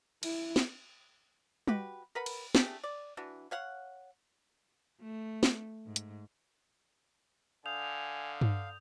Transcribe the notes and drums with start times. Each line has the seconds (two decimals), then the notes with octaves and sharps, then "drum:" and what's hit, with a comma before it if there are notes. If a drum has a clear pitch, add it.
0.23 E4, drum: cymbal
0.56 drum: snare
1.67 F#4 G4 B4, drum: tom G3
2.15 A#4 B4 F#5 B5
2.26 drum: cymbal
2.55 A3 D4 G4 G#4, drum: snare
2.84 D5
3.17 E3 D4 F#4
3.51 C#5 F5 F#5
5.02 A3
5.43 drum: snare
5.86 G#2
5.96 drum: hi-hat
7.66 D3 F5 G#5 D#6 G6 F7
8.41 drum: tom G2